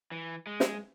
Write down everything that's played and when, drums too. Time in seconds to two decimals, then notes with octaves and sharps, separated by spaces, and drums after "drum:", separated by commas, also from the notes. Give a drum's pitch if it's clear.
0.12 E3
0.47 G#3
0.60 drum: snare